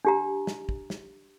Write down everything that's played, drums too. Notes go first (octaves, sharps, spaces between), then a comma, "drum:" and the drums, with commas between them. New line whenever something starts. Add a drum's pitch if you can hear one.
D4 G4 A#5
drum: snare
drum: kick
drum: snare